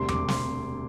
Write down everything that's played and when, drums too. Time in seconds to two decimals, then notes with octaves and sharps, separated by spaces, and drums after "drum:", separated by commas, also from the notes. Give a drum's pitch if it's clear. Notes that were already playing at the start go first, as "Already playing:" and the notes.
Already playing: E1 D2 C3 G3 C6
0.08 D6, drum: tom E2
0.28 C6, drum: snare